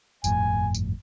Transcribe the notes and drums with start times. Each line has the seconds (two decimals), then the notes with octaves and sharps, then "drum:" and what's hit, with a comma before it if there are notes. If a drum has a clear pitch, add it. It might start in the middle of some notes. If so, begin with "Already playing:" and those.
0.24 G1 F2 A2 G#5, drum: tambourine
0.75 drum: tambourine